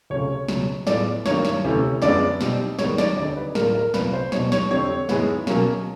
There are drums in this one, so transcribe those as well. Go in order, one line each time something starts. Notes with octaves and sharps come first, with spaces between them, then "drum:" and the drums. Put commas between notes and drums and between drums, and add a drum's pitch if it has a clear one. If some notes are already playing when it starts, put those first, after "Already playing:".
C#2 C3 F3 A3 C#4 C#5
C#2 B2 F#3, drum: snare
A2 F3 G#3 B3 D5, drum: snare
G2 D#3 F#3 A#3 D4 C#5, drum: snare
drum: snare
D2 C3 E3 A3 C#4
F#2 D3 F3 G#3 B3 D5, drum: snare
B2 G3 C4 D#4, drum: snare
G#2 D#3 G3 B3 C#5, drum: snare
D5, drum: snare
D2 D3 G3 C4 D#4 D5
B4
A2 F3 A#3 D4 A#4, drum: snare
A#4
C2 A#2 F3 B4, drum: snare
C5
B2 G3 B3 D#4 C#5, drum: snare
C#5, drum: snare
F2 D3 G3 C4 C#5
G#2 E3 G#3 B3, drum: snare
B2 F#3 A#3 C#4, drum: snare